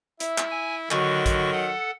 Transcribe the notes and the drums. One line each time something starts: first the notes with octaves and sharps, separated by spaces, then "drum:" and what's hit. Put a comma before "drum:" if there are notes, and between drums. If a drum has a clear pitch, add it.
E4 E5, drum: hi-hat
drum: clap
G#5
D3 D#3 F#3 F#4 C#6, drum: clap
drum: kick, hi-hat
A4 F#5